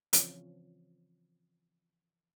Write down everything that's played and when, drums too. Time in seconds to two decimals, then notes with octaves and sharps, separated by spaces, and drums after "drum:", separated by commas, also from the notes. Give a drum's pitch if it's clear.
0.13 C#3 E3 F3 C4 C#4, drum: hi-hat